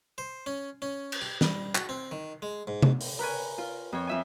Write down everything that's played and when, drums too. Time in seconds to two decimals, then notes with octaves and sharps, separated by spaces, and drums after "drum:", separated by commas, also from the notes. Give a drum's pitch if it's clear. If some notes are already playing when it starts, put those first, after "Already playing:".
0.18 C5
0.46 C#4
0.82 C#4
1.12 drum: cymbal
1.21 G4
1.41 G3, drum: snare
1.75 F#4, drum: clap
1.89 C4
2.11 D#3
2.42 G#3
2.67 G#2
2.83 drum: tom C3
3.01 drum: open hi-hat
3.19 A#4 B4 C#5 G#5
3.58 F4
3.92 F2 C#5
4.07 F2 E5 G#5